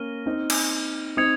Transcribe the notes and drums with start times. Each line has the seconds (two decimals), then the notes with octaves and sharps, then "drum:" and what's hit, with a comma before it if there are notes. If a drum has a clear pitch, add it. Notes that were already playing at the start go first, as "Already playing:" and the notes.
Already playing: A#3 C#4 F6 A#6 D#7 G7
0.26 C4 D#4
0.50 drum: cymbal
1.17 C4 D#4 D#6 G#6 C#7 F7